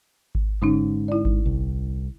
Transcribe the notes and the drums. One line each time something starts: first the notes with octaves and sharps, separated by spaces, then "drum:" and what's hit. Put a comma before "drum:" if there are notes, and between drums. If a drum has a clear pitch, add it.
drum: kick G#1
G#2 D3 C#4 D#4
E4 D5
drum: kick G#1
C2